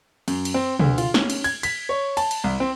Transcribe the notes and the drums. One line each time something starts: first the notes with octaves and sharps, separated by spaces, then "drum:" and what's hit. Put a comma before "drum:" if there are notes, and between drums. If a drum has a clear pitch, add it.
F#2, drum: cymbal
drum: cymbal
C4
D2, drum: tom
F4, drum: cymbal
C#4, drum: snare
drum: cymbal
G#6, drum: cymbal
B6, drum: cymbal
C#5
A5, drum: cymbal
drum: cymbal
C2
C4